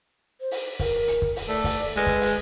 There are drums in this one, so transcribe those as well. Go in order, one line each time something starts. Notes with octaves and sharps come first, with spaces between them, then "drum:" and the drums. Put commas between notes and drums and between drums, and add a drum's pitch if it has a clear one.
C5
drum: open hi-hat
A#4, drum: kick, open hi-hat
drum: hi-hat
drum: kick
drum: open hi-hat
A3 D5
drum: kick, open hi-hat
G#3 B4
drum: kick
drum: open hi-hat